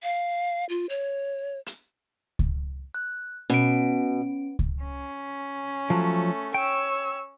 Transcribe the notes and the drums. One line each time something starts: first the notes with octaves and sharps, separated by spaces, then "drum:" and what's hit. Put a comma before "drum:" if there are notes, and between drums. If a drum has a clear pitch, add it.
F5
F4
C#5
drum: hi-hat
drum: kick C#2
F#6
B2 C#4 D7
drum: kick C#2
C#4
F3 F#3 A3
C#5 G5 E6